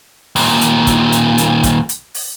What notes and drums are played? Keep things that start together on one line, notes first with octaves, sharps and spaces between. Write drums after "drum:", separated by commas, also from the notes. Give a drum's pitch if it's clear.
D#2 A#2, drum: open hi-hat
drum: hi-hat
drum: kick, hi-hat
drum: hi-hat
drum: hi-hat
drum: kick, hi-hat
drum: hi-hat
drum: open hi-hat